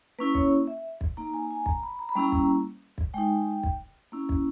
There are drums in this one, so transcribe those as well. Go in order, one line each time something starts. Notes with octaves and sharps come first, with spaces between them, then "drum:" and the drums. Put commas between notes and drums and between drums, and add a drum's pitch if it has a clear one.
A#3 C#4 E4 B4
C#5, drum: kick
E5
drum: kick
A#3 D#4 A#5
G#5
A#5
G#5
A#5, drum: kick
B5
A#5
B5
G3 A#3 C#4 E4 A#5
drum: kick
drum: kick
G#3 D#4 G5
drum: kick
A#3 C#4 E4
drum: kick